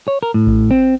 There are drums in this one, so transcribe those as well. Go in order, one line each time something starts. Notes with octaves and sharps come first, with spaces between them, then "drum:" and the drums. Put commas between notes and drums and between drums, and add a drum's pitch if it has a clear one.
C#5
A#4
A2
drum: kick A1
C4